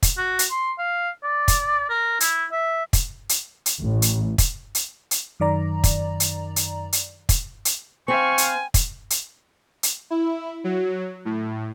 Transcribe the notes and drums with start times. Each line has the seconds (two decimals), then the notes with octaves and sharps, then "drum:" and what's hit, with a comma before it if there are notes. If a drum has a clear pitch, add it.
0.03 drum: kick, hi-hat
0.18 F#4
0.39 drum: hi-hat
0.51 C6
0.79 F5
1.23 D5
1.48 drum: kick, hi-hat
1.90 A#4
2.20 E4, drum: hi-hat
2.51 E5
2.93 drum: kick, hi-hat
3.29 drum: hi-hat
3.66 drum: hi-hat
3.82 A1
4.02 drum: hi-hat
4.38 drum: kick, hi-hat
4.75 drum: hi-hat
5.11 drum: hi-hat
5.40 F#2 D#3 D5 A#5
5.84 drum: kick, hi-hat
6.20 drum: hi-hat
6.56 drum: hi-hat
6.93 drum: hi-hat
7.29 drum: kick, hi-hat
7.65 drum: hi-hat
8.08 C4 C5 F5 G#5 C#6
8.38 drum: hi-hat
8.74 drum: kick, hi-hat
9.10 drum: hi-hat
9.83 drum: hi-hat
10.10 E4
10.64 F#3
11.25 A2